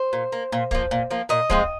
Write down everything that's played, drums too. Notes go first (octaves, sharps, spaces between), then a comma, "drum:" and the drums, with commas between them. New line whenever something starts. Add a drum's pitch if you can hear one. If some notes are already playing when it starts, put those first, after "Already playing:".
Already playing: C5
A#2
A#3
A#2
F3 A#3, drum: kick
A#2
F3 A#3
A#2 D#5
F3 G#3 C4, drum: kick